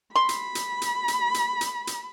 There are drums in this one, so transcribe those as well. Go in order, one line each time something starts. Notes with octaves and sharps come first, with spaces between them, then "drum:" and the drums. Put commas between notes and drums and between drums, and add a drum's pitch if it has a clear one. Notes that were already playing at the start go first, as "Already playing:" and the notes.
B5 C6
drum: hi-hat
drum: hi-hat
drum: hi-hat
drum: hi-hat
drum: hi-hat
drum: hi-hat
drum: hi-hat